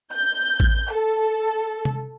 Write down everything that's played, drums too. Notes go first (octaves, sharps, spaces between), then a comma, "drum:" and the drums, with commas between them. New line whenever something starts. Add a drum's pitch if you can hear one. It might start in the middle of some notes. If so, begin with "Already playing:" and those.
G6
drum: kick A1
A4
drum: tom C3